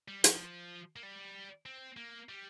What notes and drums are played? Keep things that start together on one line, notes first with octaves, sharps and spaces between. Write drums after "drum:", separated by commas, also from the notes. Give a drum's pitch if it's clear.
G3
F3, drum: hi-hat
A#3
G3
C4
A#3
G3